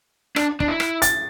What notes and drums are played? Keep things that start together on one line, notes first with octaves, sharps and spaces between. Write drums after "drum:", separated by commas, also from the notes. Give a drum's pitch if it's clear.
D4, drum: rim click
D4, drum: kick
E4
drum: rim click
A6, drum: hi-hat